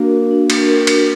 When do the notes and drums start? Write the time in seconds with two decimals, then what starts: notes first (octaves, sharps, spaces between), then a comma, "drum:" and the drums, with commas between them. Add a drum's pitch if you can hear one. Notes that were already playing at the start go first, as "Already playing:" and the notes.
Already playing: A#3 D4 F#4 A#4
0.11 F#4
0.30 D4
0.50 D4, drum: cymbal
0.68 A#4
0.87 F#4, drum: cymbal